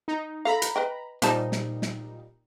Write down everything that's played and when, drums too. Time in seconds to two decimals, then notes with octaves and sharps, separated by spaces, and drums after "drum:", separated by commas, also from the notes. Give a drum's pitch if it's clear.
0.08 D#4
0.45 A4 F5 A#5 B5
0.62 drum: hi-hat
0.76 B4 D#5 G5
1.22 A#2 G3 D#4 G4 C5 A5, drum: hi-hat
1.52 drum: snare
1.82 drum: snare